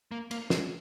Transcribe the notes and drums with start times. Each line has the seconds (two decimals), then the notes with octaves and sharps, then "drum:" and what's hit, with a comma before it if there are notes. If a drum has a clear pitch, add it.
0.11 A#3
0.31 A#3, drum: cymbal
0.50 G#3, drum: snare